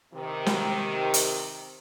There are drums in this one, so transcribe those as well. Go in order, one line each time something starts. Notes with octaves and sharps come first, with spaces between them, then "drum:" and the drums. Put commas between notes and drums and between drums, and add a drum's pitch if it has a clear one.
C3 D#3
drum: snare
drum: hi-hat